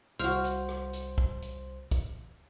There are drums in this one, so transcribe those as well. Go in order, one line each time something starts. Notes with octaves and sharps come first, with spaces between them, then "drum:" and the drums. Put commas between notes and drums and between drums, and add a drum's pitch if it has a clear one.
C2 F#4 C5 F5
drum: hi-hat
drum: rim click
drum: hi-hat
drum: kick
drum: hi-hat
drum: kick, hi-hat